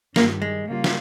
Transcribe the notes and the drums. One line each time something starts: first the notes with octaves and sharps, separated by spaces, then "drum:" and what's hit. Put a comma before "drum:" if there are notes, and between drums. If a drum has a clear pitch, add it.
G2 D#3 G3 A#3, drum: snare
G#3
C#3 G3 A#3 F4
drum: snare